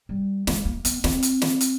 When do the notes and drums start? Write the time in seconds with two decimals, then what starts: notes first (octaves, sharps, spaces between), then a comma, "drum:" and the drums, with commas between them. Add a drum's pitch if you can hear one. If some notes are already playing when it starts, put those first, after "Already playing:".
0.09 G3
0.47 G#3, drum: snare
0.65 A#3
0.85 B3, drum: hi-hat
1.04 C4, drum: snare
1.23 drum: hi-hat
1.42 drum: snare
1.61 drum: hi-hat